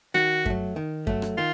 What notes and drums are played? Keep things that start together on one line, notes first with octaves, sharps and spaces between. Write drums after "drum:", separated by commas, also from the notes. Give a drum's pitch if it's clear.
D#3 F#4, drum: rim click
F#3 A3, drum: kick F#2
D#3
F#3 A3, drum: kick F#2
drum: rim click
D#3 F4